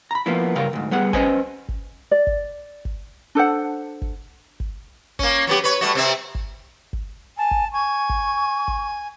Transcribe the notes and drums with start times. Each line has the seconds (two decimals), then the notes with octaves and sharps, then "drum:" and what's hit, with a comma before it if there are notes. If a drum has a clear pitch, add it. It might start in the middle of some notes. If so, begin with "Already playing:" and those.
0.11 A#5 B5
0.26 F3 A#3 B3 E4
0.55 G2 C#3 A#4 F5
0.73 D2 G#2
0.91 G3 B3 G#4 F#5
1.13 C#4 D4 B4 C5 D#5 G#5, drum: kick G#1
1.69 drum: kick G#1
2.11 D5
2.27 drum: kick G#1
2.85 drum: kick G#1
3.35 D4 A4 C5 F#5
4.02 drum: kick G#1
4.60 drum: kick G#1
5.19 A#3 C#4, drum: kick G#1
5.47 F#3 B3 G4
5.64 B4 C#5
5.81 G3 A3 F#4
5.95 C3 C4 E5
6.35 drum: kick G#1
6.93 drum: kick G#1
7.38 G#5 A5
7.51 drum: kick G#1
7.73 G#5 C#6
8.10 drum: kick G#1
8.68 drum: kick G#1